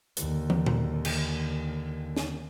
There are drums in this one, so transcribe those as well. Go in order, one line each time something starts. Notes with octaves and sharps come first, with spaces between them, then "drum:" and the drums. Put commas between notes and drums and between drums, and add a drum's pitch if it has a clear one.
D#2 D3, drum: hi-hat
drum: tom
drum: tom A#2
drum: cymbal
drum: snare